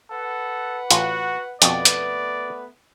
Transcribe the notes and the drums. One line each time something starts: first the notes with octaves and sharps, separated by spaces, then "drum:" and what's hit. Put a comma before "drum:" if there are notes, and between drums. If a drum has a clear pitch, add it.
A4 B4 F#5
A1 F4 F#4, drum: hi-hat
F2 B2 A3 B3 B4 D5, drum: hi-hat
drum: hi-hat